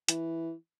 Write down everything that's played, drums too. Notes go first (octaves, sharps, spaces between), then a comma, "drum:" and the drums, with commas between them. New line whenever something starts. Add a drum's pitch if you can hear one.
E3, drum: hi-hat